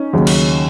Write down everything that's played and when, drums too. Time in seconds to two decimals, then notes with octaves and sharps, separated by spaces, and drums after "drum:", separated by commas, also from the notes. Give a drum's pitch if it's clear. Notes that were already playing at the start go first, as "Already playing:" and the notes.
Already playing: C#4 D#4
0.13 D#2 C#3 F#3
0.27 drum: cymbal